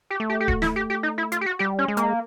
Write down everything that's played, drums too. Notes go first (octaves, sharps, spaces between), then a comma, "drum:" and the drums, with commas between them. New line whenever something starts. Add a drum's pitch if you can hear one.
G4
A3
G4
G4
F#4, drum: kick D1
E4, drum: snare
G4
G4
D#4
E4
F4, drum: hi-hat
G4
F#4
G3 G4
C#4
G#3
A#3, drum: hi-hat